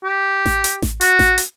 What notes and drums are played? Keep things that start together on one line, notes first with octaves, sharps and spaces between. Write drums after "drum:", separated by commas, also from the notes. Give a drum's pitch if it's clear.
G4
drum: snare A1
drum: hi-hat
drum: snare A1
F#4, drum: hi-hat
drum: snare A1
drum: hi-hat